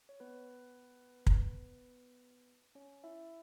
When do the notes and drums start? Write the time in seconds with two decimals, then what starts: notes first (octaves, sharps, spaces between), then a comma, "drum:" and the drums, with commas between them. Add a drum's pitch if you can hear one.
0.09 C#5
0.20 B3 B4
1.27 drum: kick
2.75 C#4 C#5
3.04 E4 E5